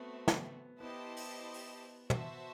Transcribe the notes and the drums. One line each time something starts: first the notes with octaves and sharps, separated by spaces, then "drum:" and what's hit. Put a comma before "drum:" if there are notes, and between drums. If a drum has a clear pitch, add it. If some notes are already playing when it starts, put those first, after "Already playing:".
Already playing: A3 B3 C4 F#4
drum: snare
B3 E4 G4 C5 D#5 A5
drum: open hi-hat
drum: open hi-hat
F#4 C5 E5 A5, drum: tom